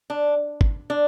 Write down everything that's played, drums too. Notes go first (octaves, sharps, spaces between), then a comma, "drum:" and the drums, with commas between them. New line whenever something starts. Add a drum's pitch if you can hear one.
D4
drum: kick
D4